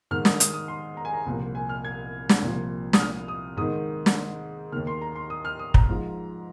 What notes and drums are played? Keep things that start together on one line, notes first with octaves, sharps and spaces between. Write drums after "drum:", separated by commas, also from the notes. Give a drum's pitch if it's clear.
G#2 D#3 F6
D#6, drum: snare
D#6, drum: hi-hat
D#6
C6
A#5
G#5
A#5
C2 A#2 F3
G#5
F6
G#6
drum: snare
C2 A#2 F3
D#6, drum: snare
F6
D#6
G#2 D#3 D#6
drum: snare
D#2 D#3 F6
C6
A#5
C6
D#6
F6
D#6
A#5, drum: kick
G#2 F3